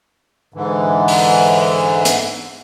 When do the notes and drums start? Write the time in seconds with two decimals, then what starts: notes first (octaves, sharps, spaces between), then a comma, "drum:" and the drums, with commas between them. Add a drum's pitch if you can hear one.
0.54 G#2 D3 E3
1.08 drum: open hi-hat
2.05 drum: hi-hat